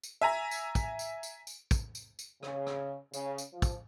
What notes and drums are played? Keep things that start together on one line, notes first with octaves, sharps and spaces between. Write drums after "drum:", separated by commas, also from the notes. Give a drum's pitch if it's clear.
drum: tambourine
E5 G#5 A#5
drum: tambourine
drum: kick, tambourine
drum: tambourine
drum: tambourine
drum: tambourine
drum: kick, tambourine
drum: tambourine
drum: tambourine
C#3, drum: rim click
drum: rim click
C#3, drum: tambourine
drum: tambourine
F3
drum: kick, tambourine